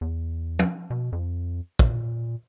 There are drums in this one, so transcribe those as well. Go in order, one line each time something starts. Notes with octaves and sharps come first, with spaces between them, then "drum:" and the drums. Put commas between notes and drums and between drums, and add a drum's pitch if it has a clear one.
E2
drum: tom
B2
F2
A#2, drum: kick